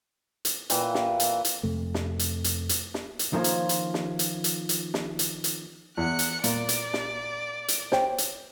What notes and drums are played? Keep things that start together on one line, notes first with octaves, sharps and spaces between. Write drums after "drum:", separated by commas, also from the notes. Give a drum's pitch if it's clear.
drum: hi-hat
A#2 E3 G5, drum: hi-hat
drum: snare
drum: hi-hat
drum: hi-hat
F2 C3 A3
drum: snare
drum: hi-hat
drum: hi-hat
drum: hi-hat
drum: snare
drum: hi-hat
D#3 F3 A#3 C#4 F4
drum: hi-hat
drum: hi-hat
drum: snare
drum: hi-hat
drum: hi-hat
drum: hi-hat
drum: snare
drum: hi-hat
drum: hi-hat
E2 F#6 C#7
drum: hi-hat
A#2 D5, drum: hi-hat
drum: hi-hat
drum: snare
drum: hi-hat
C5 C#5 G5, drum: snare
drum: hi-hat